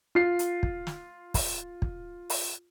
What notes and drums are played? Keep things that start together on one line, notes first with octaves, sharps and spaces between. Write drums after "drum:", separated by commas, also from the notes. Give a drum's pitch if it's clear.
F4 C7
drum: hi-hat
drum: kick
drum: snare
drum: kick, open hi-hat
drum: kick
drum: open hi-hat